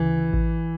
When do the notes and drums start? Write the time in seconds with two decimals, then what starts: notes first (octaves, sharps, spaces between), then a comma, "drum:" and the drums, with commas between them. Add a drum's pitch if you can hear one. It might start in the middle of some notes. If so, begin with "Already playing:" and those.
Already playing: D2 C#3 E3
0.33 drum: kick A1